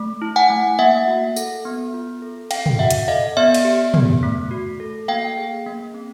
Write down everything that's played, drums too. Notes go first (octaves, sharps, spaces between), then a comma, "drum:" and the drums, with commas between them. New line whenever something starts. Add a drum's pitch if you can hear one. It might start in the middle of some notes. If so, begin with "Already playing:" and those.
Already playing: A3
E4
F#5 G#5
A3
A#3 E5 F#5
F#4
A4, drum: tambourine
B3
F4
A4
C4 F5 G5, drum: cymbal
drum: tom
F#4 E5 F#5
drum: hi-hat
A4 D#5 F5
B3 D5 E5
drum: cymbal
G4
B3, drum: tom
A3
F#4
A4
A#3 F5 G5
G#4
A#3
C4